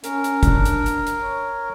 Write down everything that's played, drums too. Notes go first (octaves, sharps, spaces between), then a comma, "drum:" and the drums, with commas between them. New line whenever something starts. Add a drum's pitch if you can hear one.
C#4 A#4, drum: hi-hat
drum: hi-hat
D4, drum: kick, hi-hat
drum: hi-hat
drum: hi-hat
drum: hi-hat
C#5